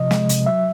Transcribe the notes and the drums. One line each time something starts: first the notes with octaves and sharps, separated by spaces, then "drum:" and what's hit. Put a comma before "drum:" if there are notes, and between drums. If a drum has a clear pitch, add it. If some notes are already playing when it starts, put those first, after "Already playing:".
Already playing: C3 F3 D#5
G#3, drum: snare
C3, drum: hi-hat
F#3 E5